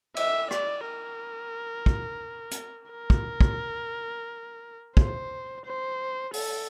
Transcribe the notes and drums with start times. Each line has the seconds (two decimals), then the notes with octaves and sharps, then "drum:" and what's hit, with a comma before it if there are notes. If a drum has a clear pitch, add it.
0.16 E5, drum: cymbal
0.51 D5, drum: rim click
0.86 A#4
1.86 drum: kick
2.51 drum: hi-hat
2.91 A#4
3.10 drum: kick
3.41 drum: kick
4.97 C5, drum: kick
5.65 C5
6.34 A4, drum: open hi-hat